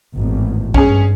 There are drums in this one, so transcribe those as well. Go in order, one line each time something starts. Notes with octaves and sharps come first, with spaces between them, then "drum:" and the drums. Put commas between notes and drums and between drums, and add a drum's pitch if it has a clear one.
G#1 E2 A2
G2 C#4 G#4, drum: kick